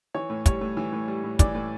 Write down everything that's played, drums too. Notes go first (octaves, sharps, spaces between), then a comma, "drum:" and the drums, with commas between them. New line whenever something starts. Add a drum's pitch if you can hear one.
E3 C#5
A2
G3 C#5, drum: kick, hi-hat
A2
E3
A2
G3
A2
E3 D5, drum: kick, hi-hat
A2